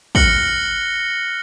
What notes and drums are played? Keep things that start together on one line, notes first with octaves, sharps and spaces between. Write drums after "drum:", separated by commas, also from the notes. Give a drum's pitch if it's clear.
F6 F#6 A#6 C#7 F#7 G7, drum: kick